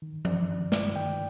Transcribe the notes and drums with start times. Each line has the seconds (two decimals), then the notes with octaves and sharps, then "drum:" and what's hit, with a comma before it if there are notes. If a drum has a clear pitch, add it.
0.02 D#3
0.25 G2 D5, drum: tom F3
0.48 D#3
0.72 G2 D5, drum: snare
0.95 D#3 G5